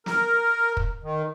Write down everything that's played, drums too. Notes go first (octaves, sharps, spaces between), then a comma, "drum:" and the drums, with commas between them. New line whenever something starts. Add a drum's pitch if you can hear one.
A#4, drum: snare
drum: kick
D#3